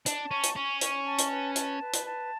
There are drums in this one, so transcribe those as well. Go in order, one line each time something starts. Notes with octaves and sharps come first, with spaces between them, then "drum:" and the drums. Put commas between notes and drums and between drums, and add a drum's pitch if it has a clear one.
D4 A5, drum: hi-hat
C#4 C#6
drum: hi-hat
C#4 C#6
C#6, drum: hi-hat
A5
drum: hi-hat
B4
A5, drum: hi-hat
B4
drum: hi-hat
A5